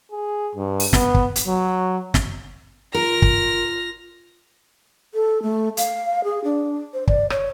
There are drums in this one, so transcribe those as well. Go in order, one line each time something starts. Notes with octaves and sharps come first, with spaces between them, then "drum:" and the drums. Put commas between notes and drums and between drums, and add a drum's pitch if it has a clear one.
G#4
G2
drum: open hi-hat
B3, drum: snare
drum: kick
drum: hi-hat
F#3
drum: snare
F4 A#4 F6 A#6
drum: kick
A4
A3
F5, drum: hi-hat
G#4
D4
C5
D5, drum: kick
C#5, drum: rim click